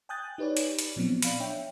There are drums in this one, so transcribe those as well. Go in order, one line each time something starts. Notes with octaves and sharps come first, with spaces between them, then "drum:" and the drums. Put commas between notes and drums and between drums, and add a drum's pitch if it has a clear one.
G5 G#5 D#6 F#6 G6 A6
D#4 G4 B4 C#5 D5
drum: hi-hat
drum: hi-hat
A#2 F3 F#3 B3 C4 D4
D5 F5 B5, drum: hi-hat
D4 C#5 E5 G5